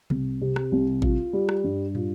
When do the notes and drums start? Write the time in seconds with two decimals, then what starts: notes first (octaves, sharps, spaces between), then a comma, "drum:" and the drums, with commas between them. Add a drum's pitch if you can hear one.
0.10 C2, drum: tom C3
0.41 C3
0.56 drum: rim click
0.72 C2
1.02 F4, drum: kick A1
1.33 G3
1.49 drum: rim click
1.64 G2
1.95 F4, drum: tom